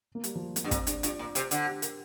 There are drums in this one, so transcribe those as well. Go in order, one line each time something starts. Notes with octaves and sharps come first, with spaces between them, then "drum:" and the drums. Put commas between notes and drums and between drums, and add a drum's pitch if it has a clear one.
A#3
G3, drum: hi-hat
F3
G3
A#3, drum: hi-hat
G2 D4
A#2 C4, drum: kick, hi-hat
G2 D4, drum: hi-hat
G2 F4, drum: hi-hat
A#2
C3, drum: hi-hat
D3, drum: hi-hat
G4
A#4, drum: hi-hat